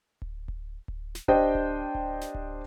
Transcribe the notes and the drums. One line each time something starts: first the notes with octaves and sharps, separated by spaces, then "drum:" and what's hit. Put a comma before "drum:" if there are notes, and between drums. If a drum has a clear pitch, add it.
drum: kick D1
drum: kick D1
drum: kick D1
drum: snare
D4 G4 C5 D#5 G5, drum: kick D1
drum: kick D1
drum: kick D1
drum: snare
drum: kick D1